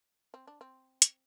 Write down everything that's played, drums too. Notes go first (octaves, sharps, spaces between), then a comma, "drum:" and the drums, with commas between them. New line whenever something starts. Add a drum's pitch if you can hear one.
C4
D4
C4
drum: hi-hat